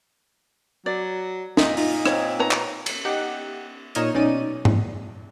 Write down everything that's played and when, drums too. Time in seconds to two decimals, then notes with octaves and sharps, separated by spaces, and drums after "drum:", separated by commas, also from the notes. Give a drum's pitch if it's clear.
0.86 F#3 D5
1.57 A#2 D#4 E5, drum: snare
1.77 D#4 F4, drum: open hi-hat
2.06 C4 C#5, drum: rim click
2.39 B4 C#5 A#5
2.51 drum: clap
2.86 drum: cymbal
3.05 D#4 G4 F#5
3.95 A#2 D#4 C#5 D#5 F6 E7, drum: hi-hat
4.14 B1 C#4 D#4 D5 D#7
4.65 drum: tom G#2